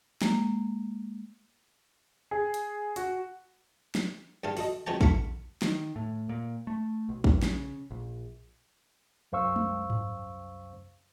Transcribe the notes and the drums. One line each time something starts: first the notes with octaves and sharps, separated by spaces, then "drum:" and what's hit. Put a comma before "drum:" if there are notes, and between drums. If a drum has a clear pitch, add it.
G#3 A#3, drum: snare
G#4
drum: hi-hat
F#4, drum: hi-hat
drum: snare
G2 G3 A4 F5
F#4 A4 D#5, drum: open hi-hat
C#2 F#2 C#4 C#5 G5 A5
A4 F5 F#5 B5 C#6, drum: kick
D#3, drum: snare
A2
A#2
A3
B1
B1, drum: kick
C#3, drum: snare
A#1
C2 F#2 C5 F5 C#6 E6
drum: tom G#3
drum: tom G#2